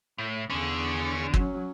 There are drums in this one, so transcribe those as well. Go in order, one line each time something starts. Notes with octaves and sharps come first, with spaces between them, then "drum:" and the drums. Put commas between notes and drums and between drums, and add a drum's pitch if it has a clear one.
A2
E2 D3 C#4 G#4
F#3 C#4, drum: kick